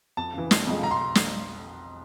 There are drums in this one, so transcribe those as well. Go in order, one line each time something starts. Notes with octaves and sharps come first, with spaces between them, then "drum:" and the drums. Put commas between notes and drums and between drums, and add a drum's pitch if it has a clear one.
F2 A5
C#3 E3
F1, drum: snare
F2 C#3 F3 G#3
B1 A#5
C6
drum: snare